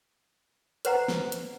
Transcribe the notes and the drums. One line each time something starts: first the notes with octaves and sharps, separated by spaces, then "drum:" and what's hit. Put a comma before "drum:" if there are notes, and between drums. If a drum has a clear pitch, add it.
B4 C5 F#5 A#5, drum: hi-hat
drum: snare
drum: hi-hat